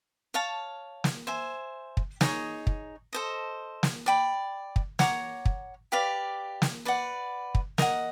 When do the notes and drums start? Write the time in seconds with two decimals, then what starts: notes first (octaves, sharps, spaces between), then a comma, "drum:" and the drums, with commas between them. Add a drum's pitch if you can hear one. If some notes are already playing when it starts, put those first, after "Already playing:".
0.34 C#5 F5 A5
1.04 drum: snare
1.27 C5 E5 G#5
1.97 drum: kick
2.21 D#4 G#4 C#5, drum: snare
2.67 drum: kick
3.13 A4 C5 D#5
3.83 drum: snare
4.06 D5 G5 B5
4.76 drum: kick
4.99 C#5 F#5 A#5 D6, drum: snare
5.45 drum: kick
5.92 G4 B4 D5 F5
6.62 drum: snare
6.85 B4 D5 F#5
7.55 drum: kick
7.78 A#4 D#5 F#5, drum: snare